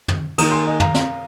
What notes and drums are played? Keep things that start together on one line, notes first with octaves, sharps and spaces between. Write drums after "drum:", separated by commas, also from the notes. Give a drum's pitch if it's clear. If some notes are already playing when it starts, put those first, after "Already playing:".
drum: tom
D#3 A#3 D#4 A#5 D#6, drum: cymbal
G#5 C6
D#5 G#5
F5 A#5, drum: tom
F5 A#5, drum: snare